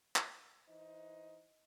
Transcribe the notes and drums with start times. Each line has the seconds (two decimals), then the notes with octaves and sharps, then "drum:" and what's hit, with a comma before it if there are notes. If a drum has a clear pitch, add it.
0.16 drum: clap
0.68 E3 D#4 C5 D#5